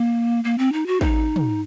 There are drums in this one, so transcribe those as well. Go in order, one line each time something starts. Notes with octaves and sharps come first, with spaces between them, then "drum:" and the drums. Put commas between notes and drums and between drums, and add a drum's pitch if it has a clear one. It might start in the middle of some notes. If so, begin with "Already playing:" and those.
Already playing: A#3
A#3
C4
D#4
F#4
D#4, drum: kick A1
drum: tom